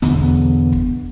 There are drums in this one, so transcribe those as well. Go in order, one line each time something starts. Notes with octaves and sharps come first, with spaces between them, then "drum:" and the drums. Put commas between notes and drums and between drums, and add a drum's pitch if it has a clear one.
B1 E2 D3 B3, drum: hi-hat
drum: kick